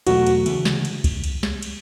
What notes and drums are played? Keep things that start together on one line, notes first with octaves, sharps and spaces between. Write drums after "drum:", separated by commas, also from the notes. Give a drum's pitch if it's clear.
E2 B2 F#3 A3 F#4, drum: cymbal
drum: cymbal
D2 C#3 E3, drum: cymbal
drum: snare
drum: cymbal
drum: kick, cymbal
drum: cymbal
drum: snare
drum: cymbal